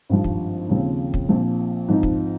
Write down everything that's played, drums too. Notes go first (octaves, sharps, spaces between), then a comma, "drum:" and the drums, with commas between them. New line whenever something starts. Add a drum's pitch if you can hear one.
G#1 G2 F3
drum: kick
D#2 C#3 F3 C4
drum: kick
A#1 A#2 F3 C4
G#2 F3 C4 D#4
drum: kick